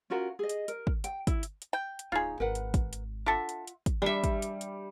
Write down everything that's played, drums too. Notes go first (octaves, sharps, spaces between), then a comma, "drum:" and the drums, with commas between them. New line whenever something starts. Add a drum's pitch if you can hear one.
C#4 F4 F#4 A#4
G#4 D#5
drum: hi-hat
A#4, drum: hi-hat
drum: kick
G5, drum: hi-hat
E4, drum: kick, hi-hat
drum: hi-hat
drum: hi-hat
G5
drum: hi-hat
D1 D#4 F4 G#4 C#5
G#1 A#4 B4 F#5
drum: hi-hat
drum: kick, hi-hat
drum: hi-hat
D4 F4 A4 E5 F#5
drum: hi-hat
drum: hi-hat
drum: kick, hi-hat
G3 D4 E5
drum: kick, hi-hat
drum: hi-hat
drum: hi-hat